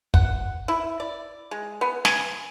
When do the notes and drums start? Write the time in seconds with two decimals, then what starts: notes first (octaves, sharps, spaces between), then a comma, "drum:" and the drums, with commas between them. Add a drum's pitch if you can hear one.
0.14 F#5, drum: kick
0.68 E4
1.00 D5
1.51 G#3
1.81 B3
2.05 G#5, drum: snare